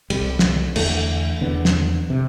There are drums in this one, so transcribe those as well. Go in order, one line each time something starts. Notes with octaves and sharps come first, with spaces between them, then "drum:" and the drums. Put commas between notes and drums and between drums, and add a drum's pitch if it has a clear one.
C2 C3 G3, drum: cymbal
drum: snare
E2 D3 A3, drum: cymbal
E2 D3 B3
drum: snare
C3